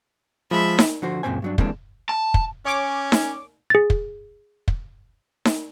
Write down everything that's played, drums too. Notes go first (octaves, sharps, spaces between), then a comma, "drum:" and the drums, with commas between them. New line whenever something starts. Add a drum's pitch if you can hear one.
F3 G#3 E5 B5
drum: snare D#4
D3 F3 F#4 C5
C#2 F#2 A#2 C4 C5 G#5
G2 F#3 D4
E3 G3 G#3 A#3 C4 D4, drum: kick
A5
drum: kick
C#4 C#5 G#5 D6
drum: snare D#4
G#4 A6
drum: kick
drum: kick
drum: snare D#4